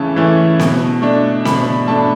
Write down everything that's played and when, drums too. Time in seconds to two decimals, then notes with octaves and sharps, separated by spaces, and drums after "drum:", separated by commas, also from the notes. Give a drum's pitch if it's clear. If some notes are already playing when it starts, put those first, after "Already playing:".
Already playing: C#3 E3 A3 C#4 E4 A5
0.16 E3 A3 C#4 E4
0.59 B2, drum: snare C4
1.02 A3 D4
1.45 B2 B5, drum: snare C4
1.88 A3 D4 A5